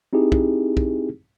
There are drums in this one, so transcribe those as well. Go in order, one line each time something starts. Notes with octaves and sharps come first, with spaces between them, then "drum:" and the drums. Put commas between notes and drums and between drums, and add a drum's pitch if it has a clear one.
C4 D#4 E4 G4 G#4
drum: kick
drum: kick